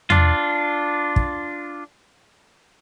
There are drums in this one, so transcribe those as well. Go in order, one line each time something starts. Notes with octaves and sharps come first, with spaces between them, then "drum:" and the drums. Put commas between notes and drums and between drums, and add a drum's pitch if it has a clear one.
D4 F4, drum: tom E2
drum: kick